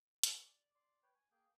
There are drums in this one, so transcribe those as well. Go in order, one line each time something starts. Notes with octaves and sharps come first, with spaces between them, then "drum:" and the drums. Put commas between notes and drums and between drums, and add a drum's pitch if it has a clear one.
F#4 A4 B4, drum: hi-hat
D5
D5 C6
B4 C#5 G5
G#5
A#3 G#4 G5